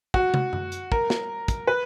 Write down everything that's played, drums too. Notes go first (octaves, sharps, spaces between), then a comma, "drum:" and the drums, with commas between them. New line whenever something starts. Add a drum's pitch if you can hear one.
F#4, drum: kick
drum: tom
drum: tom F#2
drum: hi-hat
A#4, drum: kick
drum: snare
drum: kick, hi-hat
B4